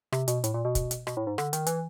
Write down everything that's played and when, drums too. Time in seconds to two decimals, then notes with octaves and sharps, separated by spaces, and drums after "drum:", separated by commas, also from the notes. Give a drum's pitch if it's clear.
0.12 C3, drum: rim click
0.28 B2, drum: hi-hat
0.44 A2, drum: hi-hat
0.54 A#2
0.65 B2
0.75 drum: kick, hi-hat
0.91 drum: hi-hat
1.07 B2, drum: rim click
1.17 A2
1.27 G#2
1.38 D3, drum: rim click
1.53 D#3, drum: hi-hat
1.66 E3, drum: hi-hat